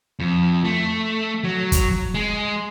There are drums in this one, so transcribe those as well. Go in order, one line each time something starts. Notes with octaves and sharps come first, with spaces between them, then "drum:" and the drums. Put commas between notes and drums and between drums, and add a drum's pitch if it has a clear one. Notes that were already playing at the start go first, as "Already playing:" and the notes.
F2
A3
F#3
drum: kick, hi-hat
G#3